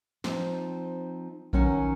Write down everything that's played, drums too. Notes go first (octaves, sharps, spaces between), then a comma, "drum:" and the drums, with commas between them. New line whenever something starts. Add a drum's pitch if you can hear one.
F3 C4 D#4, drum: snare
D#3 F#3 C#4, drum: kick A#1